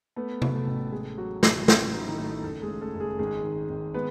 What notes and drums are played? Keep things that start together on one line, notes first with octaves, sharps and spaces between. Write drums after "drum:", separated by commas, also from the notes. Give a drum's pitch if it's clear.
A3 B3 B4
F#3, drum: tom C3
A3 A4
A1
G#3 A3 G#4
F#3 F#4
A1 E3 E4, drum: snare
A1, drum: snare
F#3 D#4
E4
D#3 D#4
A1 A3 A4
F#1 A3 A4
G#3 G#4
C#3
A3 A4
F#1
G#3 G#4
G#1 G#3 G#4
D#3
G#1
G#3 B3 B4